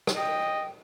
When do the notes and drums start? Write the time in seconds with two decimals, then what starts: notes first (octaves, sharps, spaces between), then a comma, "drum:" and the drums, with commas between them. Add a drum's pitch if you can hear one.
0.07 drum: rim click
0.17 D#5 G5